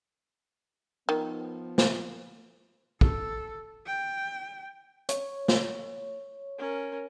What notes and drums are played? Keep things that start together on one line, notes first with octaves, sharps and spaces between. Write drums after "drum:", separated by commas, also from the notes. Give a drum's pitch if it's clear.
D#3 F3 B3
drum: snare
A4, drum: kick
G5
C#5, drum: hi-hat
drum: snare
C#4 A#4